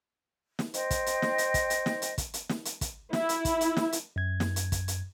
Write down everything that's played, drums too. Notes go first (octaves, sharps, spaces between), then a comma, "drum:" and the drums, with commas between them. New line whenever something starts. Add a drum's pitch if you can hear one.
drum: snare
C5 D#5 G5, drum: hi-hat
drum: kick, hi-hat
drum: hi-hat
drum: snare
drum: hi-hat
drum: kick, hi-hat
drum: hi-hat
drum: snare
drum: hi-hat
drum: kick, hi-hat
drum: hi-hat
drum: snare
drum: hi-hat
drum: kick, hi-hat
E4, drum: snare
drum: hi-hat
drum: kick, hi-hat
drum: hi-hat
drum: snare
drum: hi-hat
F#2 G#6
drum: snare
drum: hi-hat
drum: kick, hi-hat
drum: hi-hat